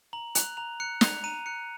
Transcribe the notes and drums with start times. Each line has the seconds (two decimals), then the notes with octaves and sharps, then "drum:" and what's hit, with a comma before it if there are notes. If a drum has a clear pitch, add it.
0.13 A#5 F#7
0.35 F#6 F7, drum: hi-hat
0.57 A#5 F7
0.80 F#6 C#7
1.01 F#6 F7, drum: snare
1.24 A#5 D#7
1.46 F#6 C#7